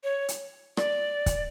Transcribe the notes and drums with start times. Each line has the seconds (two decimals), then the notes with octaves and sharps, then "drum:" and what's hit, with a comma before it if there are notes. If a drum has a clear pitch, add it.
0.04 C#5
0.28 drum: hi-hat
0.77 D5, drum: rim click
1.26 drum: kick, hi-hat